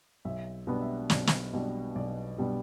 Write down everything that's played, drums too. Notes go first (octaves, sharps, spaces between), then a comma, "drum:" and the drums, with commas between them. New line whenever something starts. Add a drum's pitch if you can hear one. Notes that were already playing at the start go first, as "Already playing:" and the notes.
B1 E5
B2 G3 B3 D4
E5
B1 D5, drum: snare
drum: snare
B2 G3 B3 D4
B1 D5
B2 G3 B3 D4